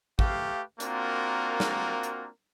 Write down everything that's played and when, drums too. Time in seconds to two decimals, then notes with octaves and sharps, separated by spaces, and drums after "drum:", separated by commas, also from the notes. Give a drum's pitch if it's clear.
0.19 A3 G4 B4 F5, drum: kick A1
0.80 A#3 C4 D4 F4 F#4 A#4, drum: hi-hat
1.60 drum: snare
2.03 drum: hi-hat